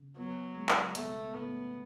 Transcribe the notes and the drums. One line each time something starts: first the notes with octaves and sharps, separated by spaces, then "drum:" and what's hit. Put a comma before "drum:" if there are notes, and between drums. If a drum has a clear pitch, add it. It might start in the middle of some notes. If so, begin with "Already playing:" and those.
Already playing: C#3
F#3 B3
G#3
drum: clap
B1 A3, drum: hi-hat
A2 B3